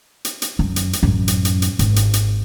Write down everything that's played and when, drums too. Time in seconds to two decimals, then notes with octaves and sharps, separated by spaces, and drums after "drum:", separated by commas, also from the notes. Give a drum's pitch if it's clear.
0.25 drum: hi-hat
0.42 drum: hi-hat
0.59 F#2
0.76 drum: hi-hat
0.93 drum: hi-hat
1.03 A1 F#2
1.28 drum: hi-hat
1.45 drum: hi-hat
1.62 drum: hi-hat
1.79 G#1, drum: hi-hat
1.96 drum: hi-hat
2.13 drum: hi-hat